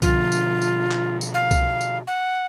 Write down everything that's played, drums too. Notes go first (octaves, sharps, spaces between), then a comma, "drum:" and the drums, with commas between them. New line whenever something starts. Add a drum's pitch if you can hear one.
B2 D3 F3 F4, drum: kick C2, tambourine
drum: tambourine
drum: tambourine
drum: clap
drum: tambourine
F5
drum: kick C2, tambourine
drum: tambourine
F#5